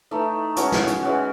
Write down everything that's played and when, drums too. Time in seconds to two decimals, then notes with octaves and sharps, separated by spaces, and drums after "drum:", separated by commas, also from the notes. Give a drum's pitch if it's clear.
0.11 E3 A3 D#4
0.56 E3 G#3 C#4 F#4, drum: hi-hat
0.72 drum: snare
0.87 drum: hi-hat
1.02 E3 G#3 C#4 F#4